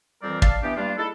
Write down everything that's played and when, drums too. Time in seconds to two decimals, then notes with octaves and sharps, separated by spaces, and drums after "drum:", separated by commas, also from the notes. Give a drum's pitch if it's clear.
0.23 F2 E3 G3 C4 A#4 D5
0.42 D5 F5 A5, drum: kick
0.63 E3 B3 D4 G4
0.77 G2 G3 A#3 D4 F4
0.98 D#4 E4 G#4 A4